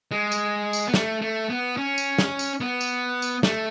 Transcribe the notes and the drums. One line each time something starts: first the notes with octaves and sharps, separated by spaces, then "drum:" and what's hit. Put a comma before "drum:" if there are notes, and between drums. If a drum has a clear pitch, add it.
G#3
drum: tambourine
drum: tambourine
B3
A3, drum: snare
A3
B3
C#4
drum: tambourine
drum: snare
drum: tambourine
B3
drum: tambourine
drum: tambourine
A3, drum: snare